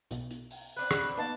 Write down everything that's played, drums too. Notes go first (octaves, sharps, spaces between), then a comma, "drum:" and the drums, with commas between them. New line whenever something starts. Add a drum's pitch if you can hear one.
B1 B2, drum: hi-hat
drum: hi-hat
drum: open hi-hat
C4 D4 B4 F#6
drum: rim click
A#3 B3 D#4 A5